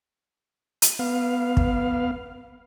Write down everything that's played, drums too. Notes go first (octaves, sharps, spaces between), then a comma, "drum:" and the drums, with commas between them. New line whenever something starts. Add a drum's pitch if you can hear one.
drum: hi-hat
B3 F5
drum: kick